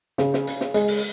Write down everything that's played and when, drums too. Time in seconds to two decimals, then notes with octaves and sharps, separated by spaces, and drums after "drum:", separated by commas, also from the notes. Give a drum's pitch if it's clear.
0.18 C#3, drum: snare
0.34 drum: snare
0.47 drum: hi-hat
0.61 drum: snare
0.74 G#3, drum: hi-hat
0.88 drum: open hi-hat